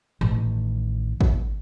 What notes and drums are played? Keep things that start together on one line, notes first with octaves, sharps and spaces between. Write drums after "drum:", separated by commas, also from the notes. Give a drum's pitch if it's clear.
A1 D#3
drum: kick G#1